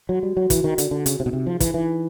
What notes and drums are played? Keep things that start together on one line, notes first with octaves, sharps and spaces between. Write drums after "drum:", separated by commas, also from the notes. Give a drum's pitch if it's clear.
F#3 F#4
G3
F#3 F#4
E3, drum: kick, hi-hat
D#3 D5
D3, drum: hi-hat
D3 F#4
C#3, drum: hi-hat
C3 D#4
B2
C3
F3 G#4
E3, drum: kick, hi-hat
E3 D#4